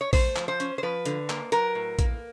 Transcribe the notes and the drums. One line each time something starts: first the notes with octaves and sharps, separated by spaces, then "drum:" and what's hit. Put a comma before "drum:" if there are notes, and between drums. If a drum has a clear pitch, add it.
C#5
A3 C5, drum: kick A#1, open hi-hat
F3, drum: clap
C5
C#4, drum: hi-hat
C5
F3 B4
D3, drum: hi-hat
A#3, drum: clap
F#3 A#4, drum: hi-hat
A2
A#3, drum: kick A#1, hi-hat